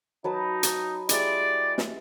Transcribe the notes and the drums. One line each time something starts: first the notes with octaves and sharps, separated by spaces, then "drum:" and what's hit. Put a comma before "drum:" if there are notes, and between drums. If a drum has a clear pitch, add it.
F#3 D#4 B4 A5
drum: hi-hat
G#3 E4 G4 D5, drum: hi-hat
drum: snare